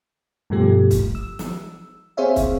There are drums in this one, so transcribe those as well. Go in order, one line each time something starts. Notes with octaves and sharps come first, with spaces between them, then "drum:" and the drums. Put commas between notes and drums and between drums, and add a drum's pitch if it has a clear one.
G2 B2 F3 A3 G4
drum: kick, hi-hat
E6
drum: snare
C4 G#4 C5 C#5 E5 F5
drum: kick, hi-hat